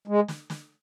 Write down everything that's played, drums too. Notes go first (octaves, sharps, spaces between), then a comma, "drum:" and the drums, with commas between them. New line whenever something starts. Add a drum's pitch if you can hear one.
G#3
drum: snare
drum: snare